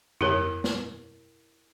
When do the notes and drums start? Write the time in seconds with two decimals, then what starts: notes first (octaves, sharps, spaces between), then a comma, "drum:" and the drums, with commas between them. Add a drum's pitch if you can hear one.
0.21 E4 G4 A#4 C#5, drum: tom F2
0.64 drum: snare